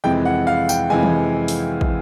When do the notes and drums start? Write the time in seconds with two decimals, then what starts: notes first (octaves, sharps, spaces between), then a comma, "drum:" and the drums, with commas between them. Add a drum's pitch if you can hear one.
0.04 F2 C3 E3 G#3 G5
0.25 F#5
0.47 F5
0.69 G5, drum: tambourine
0.90 F2 C3 E3 G#3 G#5
1.03 drum: tom E3
1.48 drum: open hi-hat
1.81 drum: kick